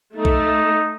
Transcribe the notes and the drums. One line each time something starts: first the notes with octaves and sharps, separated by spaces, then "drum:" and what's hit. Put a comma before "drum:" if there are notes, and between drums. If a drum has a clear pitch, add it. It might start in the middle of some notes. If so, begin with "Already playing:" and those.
A3 D#4
drum: kick B1